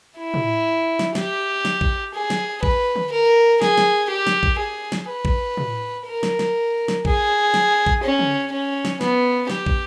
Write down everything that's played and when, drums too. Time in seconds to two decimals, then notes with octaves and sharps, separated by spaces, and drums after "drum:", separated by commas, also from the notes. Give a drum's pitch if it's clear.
0.18 E4
0.34 drum: tom
0.99 drum: snare
1.15 G4, drum: snare
1.65 drum: snare
1.81 drum: kick
2.14 G#4
2.30 drum: snare
2.63 B4, drum: kick
2.96 drum: tom
3.12 A#4
3.62 G#4, drum: snare
3.77 drum: snare
4.10 G4
4.27 drum: snare
4.43 drum: kick
4.59 G#4
4.92 drum: snare
5.09 B4
5.25 drum: kick
5.57 drum: tom
6.06 A#4
6.23 drum: snare
6.39 drum: snare
6.88 drum: snare
7.05 G#4, drum: kick
7.54 drum: snare
7.87 drum: kick
8.03 C#4
8.19 drum: tom
8.52 C#4
8.85 drum: snare
9.01 B3, drum: snare
9.50 G4, drum: snare
9.66 drum: kick